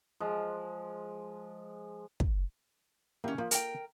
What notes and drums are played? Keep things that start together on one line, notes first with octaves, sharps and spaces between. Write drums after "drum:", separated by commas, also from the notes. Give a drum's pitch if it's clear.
F3 G#3
drum: kick
D#3 A#3 C#4 E4 G4
F3 A#3 F4
A#4 G5, drum: hi-hat